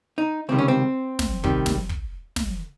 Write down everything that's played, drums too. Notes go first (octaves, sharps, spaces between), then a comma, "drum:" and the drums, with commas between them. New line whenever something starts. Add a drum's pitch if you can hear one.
D#4
C#2 C3 D#3 G3 C4
C#4
C4
drum: snare
C3 D#3 G3, drum: kick
drum: snare
drum: kick
drum: snare